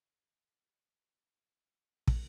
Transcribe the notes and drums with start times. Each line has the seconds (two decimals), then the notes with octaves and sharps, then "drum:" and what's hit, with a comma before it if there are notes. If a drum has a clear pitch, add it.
0.15 C#6
0.23 D#6
0.62 B5
1.02 A#5
2.08 drum: kick